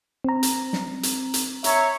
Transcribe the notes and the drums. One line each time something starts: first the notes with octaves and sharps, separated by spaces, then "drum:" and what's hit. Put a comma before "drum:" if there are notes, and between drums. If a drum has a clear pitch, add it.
C4 A#5
drum: hi-hat
drum: snare
drum: hi-hat
drum: hi-hat
C#5 E5 A#5, drum: hi-hat